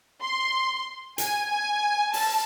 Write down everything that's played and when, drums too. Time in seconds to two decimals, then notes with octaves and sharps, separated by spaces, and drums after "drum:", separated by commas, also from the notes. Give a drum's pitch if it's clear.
0.22 C6
1.18 G#5, drum: hi-hat
1.49 G#5
2.13 A5, drum: open hi-hat